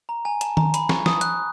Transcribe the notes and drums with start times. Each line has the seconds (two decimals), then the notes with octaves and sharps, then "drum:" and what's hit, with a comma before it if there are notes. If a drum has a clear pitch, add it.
0.09 A#5
0.25 G#5
0.41 A5, drum: hi-hat
0.57 A#5, drum: tom D#3
0.74 B5, drum: hi-hat
0.89 C#6, drum: snare
1.06 D#6, drum: snare
1.21 F#6, drum: hi-hat